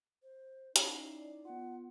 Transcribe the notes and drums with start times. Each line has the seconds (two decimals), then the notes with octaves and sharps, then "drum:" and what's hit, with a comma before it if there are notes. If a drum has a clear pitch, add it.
0.23 C5
0.76 C#4 D#4 E4 D5 C7, drum: hi-hat
1.45 B3 F4 F#5